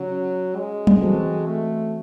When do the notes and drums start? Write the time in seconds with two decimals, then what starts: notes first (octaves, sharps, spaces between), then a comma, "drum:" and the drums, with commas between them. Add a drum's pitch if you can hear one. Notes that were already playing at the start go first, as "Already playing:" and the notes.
Already playing: C#3 F#3 C#4
0.57 G#3
0.87 drum: tom F#3
1.02 E3 C4 F#4 A4
1.47 A3